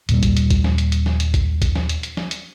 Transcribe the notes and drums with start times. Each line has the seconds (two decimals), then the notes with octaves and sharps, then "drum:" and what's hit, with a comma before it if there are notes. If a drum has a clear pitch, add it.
0.09 D#2 A#2 G3, drum: hi-hat
0.23 drum: kick, hi-hat
0.37 drum: hi-hat
0.50 drum: kick, hi-hat
0.64 drum: snare
0.78 drum: hi-hat
0.92 drum: hi-hat
1.06 drum: snare
1.20 drum: hi-hat
1.34 drum: kick, hi-hat
1.62 drum: kick, hi-hat
1.76 drum: snare
1.89 drum: hi-hat
2.03 drum: hi-hat
2.17 drum: snare
2.31 drum: hi-hat